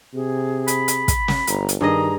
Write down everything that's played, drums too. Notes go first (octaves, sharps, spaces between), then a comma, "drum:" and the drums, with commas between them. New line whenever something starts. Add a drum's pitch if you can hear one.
C3 G#4
B5, drum: hi-hat
drum: hi-hat
drum: kick, hi-hat
drum: snare
G1 A#5, drum: hi-hat
drum: hi-hat
G2 D#3 G#4 D#5 A#5